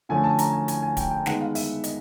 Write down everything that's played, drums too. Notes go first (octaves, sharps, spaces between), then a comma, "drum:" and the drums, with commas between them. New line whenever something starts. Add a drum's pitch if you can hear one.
D3 F3 A3 C#4 G#5
A5
A#5, drum: hi-hat
G#5
G#5, drum: hi-hat
G#5
G5, drum: kick, hi-hat
G5
D#3 G#3 B3 D#4 F#5, drum: snare
F5
E5, drum: open hi-hat
D#5, drum: hi-hat